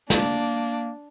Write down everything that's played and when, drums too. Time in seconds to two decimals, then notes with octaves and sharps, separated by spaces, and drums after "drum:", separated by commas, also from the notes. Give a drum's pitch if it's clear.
0.10 A#3 D4, drum: snare